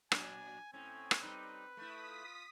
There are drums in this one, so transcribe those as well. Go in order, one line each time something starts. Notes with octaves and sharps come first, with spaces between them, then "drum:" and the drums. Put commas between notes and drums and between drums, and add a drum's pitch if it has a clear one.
A#2 F#3 D4 G#5, drum: rim click
A2 C4 C#4 G#5
drum: rim click
G3 D#4 B4
A3 E4 D#6 B6
F4